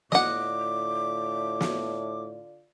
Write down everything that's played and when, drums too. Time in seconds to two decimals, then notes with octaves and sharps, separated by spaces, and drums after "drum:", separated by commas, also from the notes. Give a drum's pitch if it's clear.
0.12 A2 D3 F4 D5 D#5 F#5 D6, drum: snare
1.61 drum: snare